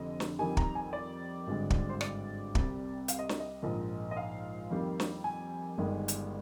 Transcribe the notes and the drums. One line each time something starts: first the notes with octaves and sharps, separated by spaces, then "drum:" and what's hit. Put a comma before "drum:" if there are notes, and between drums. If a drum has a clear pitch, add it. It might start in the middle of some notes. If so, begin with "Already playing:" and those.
Already playing: F1 F2 D3 D#5
drum: snare
F2 D#3 G3 G#5
A#5, drum: kick
G#5
D5
G#1 G2 D3 G#3
drum: kick
C5
D5, drum: rim click
C2 C3 G3 C4, drum: kick
F5, drum: hi-hat
D#5
D5, drum: snare
D#5
A#1 G#2 F3 A#3
D#5
F5
F2 D#3 G3 A#3
drum: snare
G#5
G1 G2 D#3 G#3
drum: hi-hat